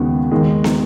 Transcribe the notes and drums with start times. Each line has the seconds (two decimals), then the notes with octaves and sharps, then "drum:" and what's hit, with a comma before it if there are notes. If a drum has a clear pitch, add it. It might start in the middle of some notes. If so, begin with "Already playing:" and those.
Already playing: D#2 C#3 G#3 B3 F#4
0.31 D#2 D#3 G#3
0.64 drum: snare